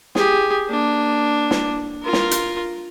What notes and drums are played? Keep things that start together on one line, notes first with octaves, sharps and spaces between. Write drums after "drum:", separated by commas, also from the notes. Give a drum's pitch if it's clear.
G4 G#4, drum: snare
A#3 D4
drum: snare
F4 A#4
drum: snare
drum: hi-hat